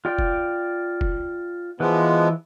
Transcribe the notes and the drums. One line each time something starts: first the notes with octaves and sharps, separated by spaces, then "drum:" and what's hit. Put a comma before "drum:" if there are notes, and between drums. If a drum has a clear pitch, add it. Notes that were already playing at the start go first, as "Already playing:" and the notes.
F4 D5 G5
drum: kick
drum: kick
E3 F3 G#3 B3 B4